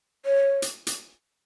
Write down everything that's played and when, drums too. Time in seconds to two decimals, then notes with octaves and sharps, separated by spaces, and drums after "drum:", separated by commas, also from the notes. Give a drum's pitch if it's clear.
0.26 C#5
0.62 drum: hi-hat
0.87 drum: hi-hat